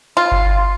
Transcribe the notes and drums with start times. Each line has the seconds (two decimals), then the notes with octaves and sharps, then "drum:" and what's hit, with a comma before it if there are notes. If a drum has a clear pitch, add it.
0.17 F4
0.32 drum: kick G1